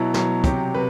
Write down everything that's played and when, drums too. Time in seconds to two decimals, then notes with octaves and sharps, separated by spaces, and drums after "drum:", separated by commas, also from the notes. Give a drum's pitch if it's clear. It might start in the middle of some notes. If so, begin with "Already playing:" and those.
Already playing: B2 F#3 E4
0.14 B2 F#3, drum: snare
0.44 C3 F#3 G4, drum: kick, hi-hat
0.74 C3 B4